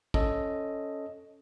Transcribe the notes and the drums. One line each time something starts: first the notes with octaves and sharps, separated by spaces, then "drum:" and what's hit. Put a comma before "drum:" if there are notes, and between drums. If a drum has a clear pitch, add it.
C#4 A4 C#5 D#5, drum: kick